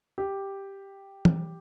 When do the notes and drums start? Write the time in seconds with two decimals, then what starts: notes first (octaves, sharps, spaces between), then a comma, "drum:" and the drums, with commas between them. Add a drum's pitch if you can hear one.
0.18 G4
1.25 drum: tom E3